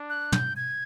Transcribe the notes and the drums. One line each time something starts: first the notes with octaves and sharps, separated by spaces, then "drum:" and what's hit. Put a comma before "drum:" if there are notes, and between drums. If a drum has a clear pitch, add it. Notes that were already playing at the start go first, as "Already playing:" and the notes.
Already playing: D4
F#6
G6, drum: tom
G#6